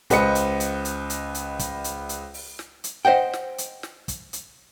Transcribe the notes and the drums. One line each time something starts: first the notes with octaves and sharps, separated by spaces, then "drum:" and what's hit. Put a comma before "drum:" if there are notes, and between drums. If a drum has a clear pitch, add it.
C#2 B4 C5 D#5 C#7, drum: kick, hi-hat
drum: hi-hat
drum: hi-hat
drum: hi-hat
drum: hi-hat
drum: hi-hat
drum: kick, hi-hat
drum: hi-hat
drum: hi-hat
drum: open hi-hat
drum: snare
drum: hi-hat
C5 D#5 F#5 G5
drum: snare
drum: hi-hat
drum: snare
drum: kick, hi-hat
drum: hi-hat